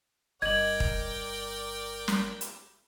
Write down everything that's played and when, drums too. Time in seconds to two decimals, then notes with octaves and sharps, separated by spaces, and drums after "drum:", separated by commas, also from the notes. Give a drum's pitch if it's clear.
0.42 G1 A#4 D5 D#5 G5 G#6 F#7
0.80 drum: kick
2.08 drum: snare
2.41 drum: hi-hat